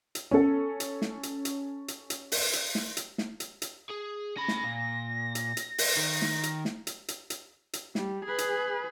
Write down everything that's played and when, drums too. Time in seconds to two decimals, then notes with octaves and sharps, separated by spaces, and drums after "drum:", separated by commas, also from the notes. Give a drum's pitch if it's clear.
0.15 drum: hi-hat
0.31 C#4 A4
0.80 drum: hi-hat
1.02 drum: snare
1.23 drum: hi-hat
1.45 drum: hi-hat
1.88 drum: hi-hat
2.10 drum: hi-hat
2.32 drum: open hi-hat
2.53 drum: hi-hat
2.75 drum: snare
2.97 drum: hi-hat
3.18 drum: snare
3.40 drum: hi-hat
3.62 drum: hi-hat
3.90 G#4
4.37 C#4 B5 A#6
4.48 drum: snare
4.64 A#2
5.35 drum: hi-hat
5.57 drum: hi-hat
5.78 drum: open hi-hat
5.97 D#3
6.22 drum: snare
6.43 drum: hi-hat
6.65 drum: snare
6.87 drum: hi-hat
7.08 drum: hi-hat
7.30 drum: hi-hat
7.73 drum: hi-hat
7.95 G3, drum: snare
8.25 G#4 B4
8.38 drum: hi-hat